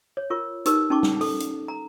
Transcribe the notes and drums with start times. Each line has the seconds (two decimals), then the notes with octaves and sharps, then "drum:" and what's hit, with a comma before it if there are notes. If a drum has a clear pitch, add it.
0.17 C#5
0.30 F4 A#4 C#6
0.66 D#4 G4 A#4 B4, drum: hi-hat
0.90 C#4 D#4 G4 A5 C#6 D6
1.03 drum: snare
1.21 A4, drum: open hi-hat
1.40 drum: hi-hat
1.68 A#5